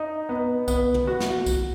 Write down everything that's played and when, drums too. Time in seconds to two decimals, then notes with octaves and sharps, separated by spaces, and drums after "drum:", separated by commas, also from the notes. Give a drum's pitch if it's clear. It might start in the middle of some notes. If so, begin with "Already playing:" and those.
Already playing: D#4
0.29 B3
0.68 B3, drum: kick C2, tambourine
0.94 drum: tom
1.07 F#4
1.20 drum: snare
1.46 drum: kick C2, tambourine